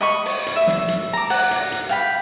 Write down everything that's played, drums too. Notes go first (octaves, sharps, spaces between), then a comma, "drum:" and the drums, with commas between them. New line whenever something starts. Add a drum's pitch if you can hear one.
D#5 B5 C#6
drum: open hi-hat
drum: hi-hat
E5
drum: snare
drum: hi-hat
A#5 D6
F#5, drum: open hi-hat
drum: hi-hat
drum: hi-hat
F5 G5 B5